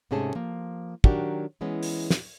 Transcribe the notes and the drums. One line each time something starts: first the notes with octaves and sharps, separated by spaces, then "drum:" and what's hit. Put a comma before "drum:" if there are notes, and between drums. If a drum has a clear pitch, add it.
G#2 C3 A3 C#4 G#4 A5
F3 A#3
D#3 F#3 D4 F#4 G4 A#4, drum: kick
E3 G#3 B3 C#4
drum: open hi-hat
drum: snare